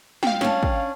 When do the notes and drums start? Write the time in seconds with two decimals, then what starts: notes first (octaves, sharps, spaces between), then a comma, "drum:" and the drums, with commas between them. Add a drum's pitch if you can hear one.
0.23 F5 G5, drum: snare
0.41 C#4 D4, drum: snare
0.63 drum: kick